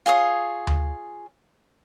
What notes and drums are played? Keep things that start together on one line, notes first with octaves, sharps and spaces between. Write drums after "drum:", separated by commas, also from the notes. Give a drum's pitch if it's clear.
F4 G#4 C#5 D#6
drum: tom D2